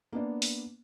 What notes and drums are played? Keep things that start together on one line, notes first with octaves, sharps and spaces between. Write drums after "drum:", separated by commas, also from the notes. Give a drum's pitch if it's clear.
A#3 B3 D4
drum: open hi-hat